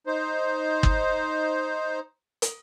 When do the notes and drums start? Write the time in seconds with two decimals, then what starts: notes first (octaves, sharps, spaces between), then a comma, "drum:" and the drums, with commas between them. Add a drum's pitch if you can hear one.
0.07 D#4 C5
0.83 drum: kick G1
2.42 drum: hi-hat